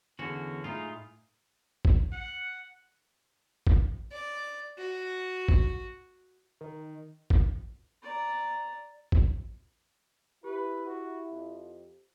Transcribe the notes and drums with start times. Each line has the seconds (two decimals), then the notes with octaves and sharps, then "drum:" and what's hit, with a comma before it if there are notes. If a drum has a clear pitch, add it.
0.19 E2 D3 C#4 F#4
0.64 A2 G#3 D#4 F4
1.85 drum: kick G#1
2.12 F#5
3.67 drum: kick G#1
4.12 D5
4.78 F#4
5.48 drum: kick G#1
6.61 D#3
7.30 drum: kick G#1
8.03 D5 A#5
9.12 drum: kick G#1
10.44 E4 G4 B4
10.86 F#4
11.31 F2